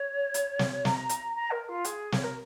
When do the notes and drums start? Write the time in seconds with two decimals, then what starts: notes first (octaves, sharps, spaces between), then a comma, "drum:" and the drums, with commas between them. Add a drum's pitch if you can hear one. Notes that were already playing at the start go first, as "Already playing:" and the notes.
Already playing: C#5
0.34 drum: hi-hat
0.59 drum: snare
0.85 A#5, drum: snare
1.09 drum: hi-hat
1.34 A#5
1.51 A#4
1.68 F4
1.84 G#4, drum: hi-hat
2.12 C#5, drum: snare
2.23 A#4